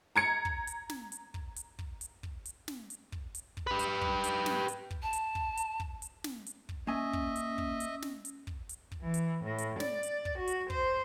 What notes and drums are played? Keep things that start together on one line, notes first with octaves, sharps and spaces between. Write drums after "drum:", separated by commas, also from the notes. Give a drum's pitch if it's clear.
A#5 G#6 C#7
drum: kick
drum: hi-hat
drum: snare
drum: hi-hat
drum: kick
drum: hi-hat
drum: kick
drum: hi-hat
drum: kick
drum: hi-hat
drum: snare
drum: hi-hat
drum: kick
drum: hi-hat
drum: kick
G4 B4
drum: hi-hat
drum: kick
drum: hi-hat
drum: snare
drum: hi-hat
drum: kick
A5
drum: hi-hat
drum: kick
drum: hi-hat
drum: kick
drum: hi-hat
drum: snare
drum: hi-hat
drum: kick
A#3 C#4 D#5 E5 G#5
drum: kick
drum: hi-hat
drum: kick
drum: hi-hat
drum: snare
drum: hi-hat
drum: kick
drum: hi-hat
drum: kick
E3
drum: hi-hat
A2
drum: hi-hat
D5, drum: snare
drum: hi-hat
drum: kick
F#4
drum: hi-hat
C5, drum: kick